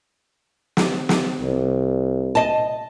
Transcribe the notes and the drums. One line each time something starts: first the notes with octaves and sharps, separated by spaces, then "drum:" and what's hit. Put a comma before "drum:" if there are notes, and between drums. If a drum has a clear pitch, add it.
drum: snare
drum: snare
C2
D#5 A5